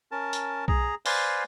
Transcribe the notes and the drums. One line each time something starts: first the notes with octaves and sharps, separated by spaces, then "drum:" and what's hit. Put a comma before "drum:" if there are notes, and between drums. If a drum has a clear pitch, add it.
C#4 A#4 A5
drum: hi-hat
G#4 A#5, drum: kick B1
B4 C5 D5 F5 G#5, drum: open hi-hat